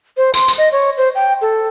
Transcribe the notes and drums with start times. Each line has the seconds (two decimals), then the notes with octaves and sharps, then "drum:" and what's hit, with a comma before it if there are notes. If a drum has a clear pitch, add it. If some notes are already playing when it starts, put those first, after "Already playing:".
0.17 C5
0.34 C6, drum: tambourine
0.48 drum: tambourine
0.58 D#5
0.72 C#5
0.97 C5
1.15 G5
1.42 A4